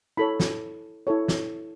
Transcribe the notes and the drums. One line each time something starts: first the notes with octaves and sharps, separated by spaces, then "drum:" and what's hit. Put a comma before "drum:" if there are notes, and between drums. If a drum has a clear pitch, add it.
E4 A4 C#5 B5
drum: snare
E4 A4 C#5
drum: snare